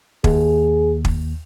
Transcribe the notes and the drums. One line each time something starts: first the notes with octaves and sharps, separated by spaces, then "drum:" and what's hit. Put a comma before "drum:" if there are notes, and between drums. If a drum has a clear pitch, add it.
D#2 G#4, drum: kick
drum: kick